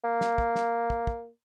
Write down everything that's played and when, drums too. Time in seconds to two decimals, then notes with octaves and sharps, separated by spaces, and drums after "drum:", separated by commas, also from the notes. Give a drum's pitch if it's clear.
0.04 A#3
0.21 drum: snare
0.38 drum: kick
0.55 drum: snare
0.90 drum: kick
1.07 drum: kick